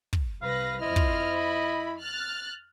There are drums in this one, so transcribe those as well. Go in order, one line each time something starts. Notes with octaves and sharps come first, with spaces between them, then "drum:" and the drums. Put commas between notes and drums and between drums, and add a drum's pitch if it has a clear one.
drum: kick
C2 B4 F5 A#6
F2 E4 C5 D#5 F6
drum: kick
B5
F6 F#6 A6